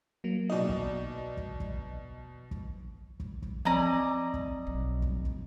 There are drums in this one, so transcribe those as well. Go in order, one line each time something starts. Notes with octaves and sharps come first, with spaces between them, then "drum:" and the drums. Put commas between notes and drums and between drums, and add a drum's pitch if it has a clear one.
F#3 A#3
B2 D#4 D5 D#5
drum: kick
drum: kick
drum: kick
drum: kick
drum: kick
drum: kick
F3 C4 D5 D#5 A#5
drum: kick
B1
drum: kick
drum: kick